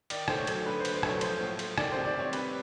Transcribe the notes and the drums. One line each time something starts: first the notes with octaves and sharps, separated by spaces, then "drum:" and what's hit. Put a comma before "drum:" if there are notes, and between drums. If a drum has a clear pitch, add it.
D#3 D5, drum: cymbal
A3 C5, drum: rim click
C#5
F#3, drum: cymbal
D3 B4
C5
A3, drum: cymbal
C5
F#3 C#5, drum: rim click
F3 C5, drum: cymbal
A2
A3, drum: cymbal
D#3 D5, drum: rim click
C3 C5
D5
G3 C#5
C3 B4, drum: cymbal